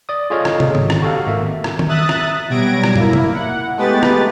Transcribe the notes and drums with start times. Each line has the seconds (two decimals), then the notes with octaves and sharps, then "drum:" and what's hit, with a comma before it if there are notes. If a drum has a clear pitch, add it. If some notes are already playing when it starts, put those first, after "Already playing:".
0.09 D5 D#6
0.30 F4 G#4 A4 C#5 D#5 F5
0.45 drum: rim click
0.60 drum: tom
0.75 G#1, drum: tom
0.90 drum: rim click
1.02 F#4 G4 A4 F5
1.27 G#1 A#3 E5
1.64 drum: rim click
1.79 drum: tom D#3
1.88 E5 D#6 F#6 A6
2.09 drum: rim click
2.49 B2 F#3 G3 G#6 A#6 D7
2.84 drum: rim click
2.96 A#3 E4, drum: tom
3.13 drum: tom
3.34 F#5
3.77 G#3 A3 B3 G4 B4 A6
4.03 drum: rim click